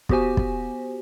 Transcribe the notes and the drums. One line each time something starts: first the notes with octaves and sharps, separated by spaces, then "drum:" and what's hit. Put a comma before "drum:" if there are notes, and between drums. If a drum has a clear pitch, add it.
B3 F#4 G4 C5 G#5, drum: kick
drum: kick